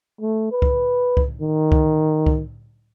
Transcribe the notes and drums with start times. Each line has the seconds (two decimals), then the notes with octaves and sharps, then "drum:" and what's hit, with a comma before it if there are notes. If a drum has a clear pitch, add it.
0.21 A3
0.52 B4
0.62 drum: kick C2
1.17 drum: kick C2
1.41 D#3
1.72 drum: kick C2
2.26 drum: kick C2